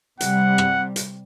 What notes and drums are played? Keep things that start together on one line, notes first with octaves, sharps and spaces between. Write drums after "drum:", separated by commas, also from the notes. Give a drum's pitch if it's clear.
C3 G3 F#5, drum: hi-hat
drum: rim click
drum: hi-hat